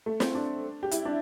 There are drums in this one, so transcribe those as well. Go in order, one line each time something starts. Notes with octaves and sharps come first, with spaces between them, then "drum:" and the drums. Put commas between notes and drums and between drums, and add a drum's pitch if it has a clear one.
A3
C4, drum: snare
D4
G4
E4, drum: hi-hat
D4